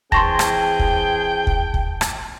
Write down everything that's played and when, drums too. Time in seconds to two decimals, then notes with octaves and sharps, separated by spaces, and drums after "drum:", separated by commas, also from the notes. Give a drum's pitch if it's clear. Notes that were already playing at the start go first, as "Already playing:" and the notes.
0.12 E3 C4 G#4 G5 A5 C6 C#6 A#6, drum: kick
0.39 drum: rim click
0.79 drum: kick
1.47 drum: kick
1.74 drum: kick
2.01 drum: rim click